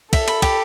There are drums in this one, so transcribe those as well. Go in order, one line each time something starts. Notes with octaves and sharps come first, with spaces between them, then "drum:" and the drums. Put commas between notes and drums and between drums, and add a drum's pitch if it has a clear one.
A4 E5, drum: kick, cymbal
B5, drum: cymbal
G4, drum: kick, cymbal